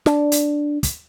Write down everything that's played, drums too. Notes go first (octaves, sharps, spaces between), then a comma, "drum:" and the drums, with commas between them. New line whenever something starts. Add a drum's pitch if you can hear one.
D4, drum: snare
drum: hi-hat
drum: kick, hi-hat